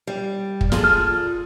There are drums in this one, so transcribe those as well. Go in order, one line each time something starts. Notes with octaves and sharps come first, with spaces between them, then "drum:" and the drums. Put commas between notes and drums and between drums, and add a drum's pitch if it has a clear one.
G3
drum: kick
F4 G#4 A4, drum: snare
F6